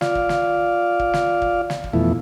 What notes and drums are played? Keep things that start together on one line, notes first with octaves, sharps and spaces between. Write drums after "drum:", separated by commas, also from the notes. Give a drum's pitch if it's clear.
F4 D5 F5, drum: snare
drum: kick
drum: snare
drum: kick
drum: snare
drum: kick
drum: snare
drum: kick
F2 B2 E3 A3 E4